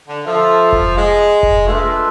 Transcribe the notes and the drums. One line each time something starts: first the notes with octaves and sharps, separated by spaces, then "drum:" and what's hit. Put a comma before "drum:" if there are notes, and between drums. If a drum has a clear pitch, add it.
D3
F3 F4 A4 E5
drum: kick F1
G#3
drum: kick F1
A3 D4 F4 B4 E5
G#3
A3